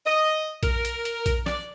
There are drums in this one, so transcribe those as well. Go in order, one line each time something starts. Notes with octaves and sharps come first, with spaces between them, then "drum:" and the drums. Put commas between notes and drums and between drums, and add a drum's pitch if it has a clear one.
D#5
A#4, drum: kick A#1, hi-hat
drum: hi-hat
drum: hi-hat
drum: kick A#1, hi-hat
D5, drum: snare